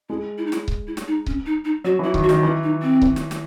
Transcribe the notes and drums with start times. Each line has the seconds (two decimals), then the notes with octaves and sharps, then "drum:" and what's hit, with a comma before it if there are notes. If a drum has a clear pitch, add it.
0.09 G#3 E4
0.38 E4
0.46 D#4
0.52 E4, drum: snare
0.68 drum: kick C#1
0.87 E4
0.97 drum: snare
1.07 D#4
1.26 C#4, drum: kick C#1
1.46 D#4
1.65 D#4
1.84 F#3 F#4
1.99 E3
2.03 E4
2.14 D#3, drum: kick C#1
2.23 F#4
2.29 D#3, drum: snare
2.43 E3 E4
2.63 D#4
2.82 C4
3.02 drum: kick C#1
3.16 drum: snare
3.31 drum: snare